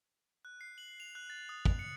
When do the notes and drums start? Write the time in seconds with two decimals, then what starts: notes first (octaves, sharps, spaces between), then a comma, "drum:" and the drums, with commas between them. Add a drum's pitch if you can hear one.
0.45 F#6
0.61 C7
0.78 F#7
1.00 F7
1.15 F#6
1.30 A6
1.49 D#6
1.65 F7, drum: kick
1.79 C#7